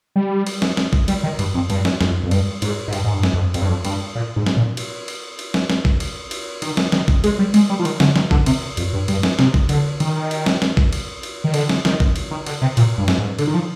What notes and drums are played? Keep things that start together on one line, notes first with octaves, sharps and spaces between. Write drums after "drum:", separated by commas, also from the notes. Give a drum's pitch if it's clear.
G3
drum: cymbal
drum: snare
drum: snare
drum: kick A1
G3, drum: cymbal
D#3
G2, drum: cymbal
F2
G2, drum: cymbal
drum: snare
F2, drum: snare
F2
G2, drum: cymbal
G#2, drum: cymbal
G#2
G2, drum: cymbal
G#2
G2
drum: snare
F2
F2, drum: cymbal
G2
F2
G2, drum: cymbal
A#2
G#2
drum: snare
A#2
drum: cymbal
drum: cymbal
drum: cymbal
drum: snare
drum: snare
drum: kick A1
drum: cymbal
drum: cymbal
D#3, drum: cymbal
drum: snare
D#3, drum: snare
drum: kick A1
G#3, drum: cymbal
G3
G#3, drum: cymbal
G3
F3
D#3, drum: cymbal
D3, drum: snare
D#3, drum: snare
D3, drum: kick A1
C3, drum: cymbal
F2, drum: cymbal
G2
G2, drum: cymbal
drum: snare
C3, drum: snare
drum: kick A1
D3, drum: cymbal
D#3, drum: cymbal
drum: cymbal
drum: snare
drum: snare
drum: kick A1
drum: cymbal
drum: cymbal
D#3
D3, drum: cymbal
drum: snare
D#3, drum: snare
drum: kick A1
drum: cymbal
D#3
D3, drum: cymbal
C3
A#2, drum: cymbal
G2
drum: snare
G#2
D3, drum: cymbal
D#3
F3